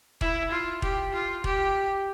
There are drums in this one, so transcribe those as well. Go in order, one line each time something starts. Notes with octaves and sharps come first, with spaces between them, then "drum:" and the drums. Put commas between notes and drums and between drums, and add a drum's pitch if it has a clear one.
E4, drum: kick E1
F4
G4, drum: kick E1
F4
G4, drum: kick E1